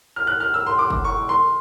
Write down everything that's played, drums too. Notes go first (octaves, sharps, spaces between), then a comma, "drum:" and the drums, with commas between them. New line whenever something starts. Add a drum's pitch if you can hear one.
F6
F#6
F6
E6
C6
D6
drum: kick F#1
C#6
C6